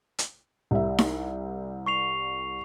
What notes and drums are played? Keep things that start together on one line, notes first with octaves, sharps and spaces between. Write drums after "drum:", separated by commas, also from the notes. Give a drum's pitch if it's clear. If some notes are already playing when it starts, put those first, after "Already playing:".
drum: hi-hat
C2 G3 E5
drum: snare D#4
C#6 C7 F7